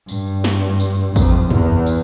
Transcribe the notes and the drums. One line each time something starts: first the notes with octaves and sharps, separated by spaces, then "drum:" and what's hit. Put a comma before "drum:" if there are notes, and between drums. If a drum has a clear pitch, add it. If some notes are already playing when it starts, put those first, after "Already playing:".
G2, drum: tambourine
drum: snare
drum: tambourine
F2, drum: kick, tambourine
E2, drum: tom
drum: tambourine